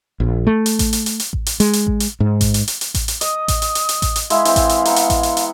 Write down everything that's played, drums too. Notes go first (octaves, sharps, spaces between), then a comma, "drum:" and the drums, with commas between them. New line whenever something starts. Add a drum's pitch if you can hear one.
A#1
A3
drum: hi-hat
drum: kick A1, hi-hat
drum: hi-hat
drum: hi-hat
drum: hi-hat
drum: kick A1
drum: hi-hat
G#3, drum: hi-hat
drum: hi-hat
drum: kick A1
drum: hi-hat
G#2
drum: kick A1, hi-hat
drum: hi-hat
drum: hi-hat
drum: hi-hat
drum: kick A1, hi-hat
drum: hi-hat
D#5 D#6, drum: hi-hat
drum: kick A1, hi-hat
drum: hi-hat
drum: hi-hat
drum: hi-hat
drum: kick A1, hi-hat
drum: hi-hat
G#3 E4 E5 F5, drum: hi-hat
E3 C4, drum: hi-hat
drum: kick A1, hi-hat
drum: hi-hat
B3 F#5 A#5, drum: hi-hat
drum: hi-hat
drum: kick A1, hi-hat
drum: hi-hat
drum: hi-hat